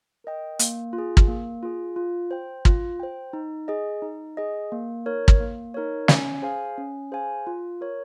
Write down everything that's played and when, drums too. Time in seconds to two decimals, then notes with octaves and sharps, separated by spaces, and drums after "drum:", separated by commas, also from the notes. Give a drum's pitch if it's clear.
0.24 A#4 D#5 G5
0.59 A#3, drum: hi-hat
0.93 F4
0.98 G#4
1.17 drum: kick
1.28 A#3
1.63 F4 G#4
1.96 F4
2.31 C5 G5
2.65 F4, drum: kick
3.00 C5 G5
3.33 D#4
3.68 G#4 D#5
4.02 D#4
4.37 G#4 D#5
4.72 A#3
5.06 D#4 A#4 C#5
5.28 drum: kick
5.40 A#3
5.74 D#4 A#4 C#5
6.08 C#4, drum: snare
6.42 G#4 C5 F5 G#5
6.78 C#4
7.12 G#4 C5 F5 G#5
7.47 F4
7.81 A#4 C#5